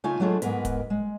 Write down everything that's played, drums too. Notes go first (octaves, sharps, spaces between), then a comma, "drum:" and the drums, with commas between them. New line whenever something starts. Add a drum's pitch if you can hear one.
C#3 A3 D#4 F4 G#5
F#3 G#3 A3 D4 F4 G#4
D#2 G#2 G#3 B3 A#4 B4, drum: hi-hat
drum: kick, hi-hat
G#3